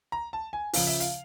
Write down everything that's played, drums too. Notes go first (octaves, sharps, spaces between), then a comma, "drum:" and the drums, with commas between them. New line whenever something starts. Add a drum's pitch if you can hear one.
A#5
A5
G#5
C#3 F3 F5, drum: open hi-hat
E5
F5, drum: hi-hat